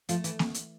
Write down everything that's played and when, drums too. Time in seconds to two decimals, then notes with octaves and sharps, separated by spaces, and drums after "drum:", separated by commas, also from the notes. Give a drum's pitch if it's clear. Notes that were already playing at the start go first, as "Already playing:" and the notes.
0.09 F3 A3 F4, drum: hi-hat
0.24 E3 E4, drum: hi-hat
0.39 drum: snare A#3
0.54 drum: hi-hat